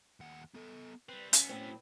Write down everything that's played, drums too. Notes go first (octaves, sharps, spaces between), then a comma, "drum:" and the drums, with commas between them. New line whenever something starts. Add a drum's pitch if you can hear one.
D#2 F#5
B3 A4
G3 C4 B4
F#3 B3 C#4, drum: hi-hat
A2 C4